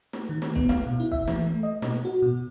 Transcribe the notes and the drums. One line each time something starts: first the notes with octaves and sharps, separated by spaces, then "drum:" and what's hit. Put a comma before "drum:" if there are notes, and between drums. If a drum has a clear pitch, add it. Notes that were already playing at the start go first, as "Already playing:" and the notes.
drum: snare
D#3
drum: snare
B3, drum: kick
F5, drum: snare
B2
E4
E5, drum: kick
E3, drum: snare
A3
D#5
B2, drum: snare
F#4
B2